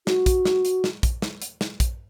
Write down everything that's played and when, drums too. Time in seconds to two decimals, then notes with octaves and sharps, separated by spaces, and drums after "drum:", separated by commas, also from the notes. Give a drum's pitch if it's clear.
0.07 F#4, drum: snare
0.26 drum: kick, hi-hat
0.45 drum: snare
0.65 drum: hi-hat
0.84 drum: snare
1.03 drum: kick, hi-hat
1.22 drum: snare
1.42 drum: hi-hat
1.61 drum: snare
1.80 drum: kick, hi-hat